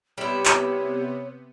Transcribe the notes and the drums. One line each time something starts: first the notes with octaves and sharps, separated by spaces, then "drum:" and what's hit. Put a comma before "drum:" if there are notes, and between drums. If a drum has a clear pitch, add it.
C3 G3 B3 E4 C#5
drum: clap